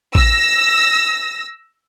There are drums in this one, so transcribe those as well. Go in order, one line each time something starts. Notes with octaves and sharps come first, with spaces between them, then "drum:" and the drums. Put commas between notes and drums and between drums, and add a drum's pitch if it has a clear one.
E6 A#6, drum: kick